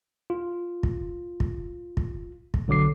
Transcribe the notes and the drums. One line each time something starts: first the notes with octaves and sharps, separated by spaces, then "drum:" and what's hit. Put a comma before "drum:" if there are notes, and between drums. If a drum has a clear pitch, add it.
F4
drum: kick
drum: kick
drum: kick
drum: kick
B1 D3 F#3 D6 C7